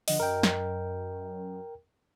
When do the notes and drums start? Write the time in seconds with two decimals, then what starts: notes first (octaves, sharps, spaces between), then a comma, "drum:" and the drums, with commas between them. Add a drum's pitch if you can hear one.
0.08 D3 F3 D#5 F#5, drum: open hi-hat
0.20 F#2 A#4 G5
0.43 drum: snare